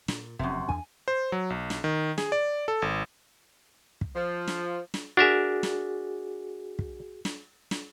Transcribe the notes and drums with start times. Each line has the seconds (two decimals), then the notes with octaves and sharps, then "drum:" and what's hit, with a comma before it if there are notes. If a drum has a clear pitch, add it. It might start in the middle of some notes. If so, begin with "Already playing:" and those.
0.08 A#2, drum: snare
0.39 F1 F#2 C3 E5
0.69 E2 D4 G#5
1.08 C5
1.32 F#3
1.50 B1
1.70 drum: snare
1.84 D#3
2.18 G#4, drum: snare
2.32 D5
2.68 A4
2.82 G#1
4.01 drum: kick
4.15 F3
4.47 drum: snare
4.94 drum: snare
5.17 D4 F#4 G#4 A#4 E5
5.63 drum: snare
6.79 drum: kick
7.25 drum: snare
7.71 drum: snare